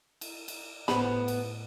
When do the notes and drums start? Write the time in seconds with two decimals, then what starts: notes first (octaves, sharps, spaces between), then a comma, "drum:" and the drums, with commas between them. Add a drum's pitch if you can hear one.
0.21 drum: cymbal
0.48 drum: cymbal
0.88 A2 B3 C5 B5, drum: snare
1.28 drum: cymbal